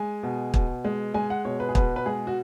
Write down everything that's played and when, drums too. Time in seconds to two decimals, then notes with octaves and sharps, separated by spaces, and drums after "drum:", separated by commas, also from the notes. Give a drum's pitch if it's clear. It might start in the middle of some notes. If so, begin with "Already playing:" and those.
Already playing: G#3 G#5
0.23 B2
0.54 B2, drum: kick
0.85 G#3
1.14 G#3 G#5
1.30 F#5
1.45 B2 C#5
1.60 B4
1.69 G#4
1.75 B2 B4, drum: kick
1.96 B4
2.06 G#3 G#4
2.27 F#4